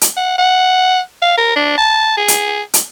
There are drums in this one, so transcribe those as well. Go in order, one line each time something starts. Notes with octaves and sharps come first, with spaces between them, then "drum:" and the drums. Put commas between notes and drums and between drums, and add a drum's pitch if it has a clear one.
drum: hi-hat
F#5
F#5
F5
A#4
D4
A5
G#4
drum: hi-hat
drum: hi-hat